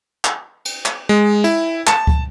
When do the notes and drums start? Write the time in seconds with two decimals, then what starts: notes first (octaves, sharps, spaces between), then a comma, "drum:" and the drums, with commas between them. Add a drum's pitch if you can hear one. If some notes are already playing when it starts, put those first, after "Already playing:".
0.25 drum: clap
0.65 drum: cymbal
0.86 drum: clap
1.09 G#3
1.44 E4, drum: cymbal
1.87 A5, drum: clap
2.07 drum: kick C#2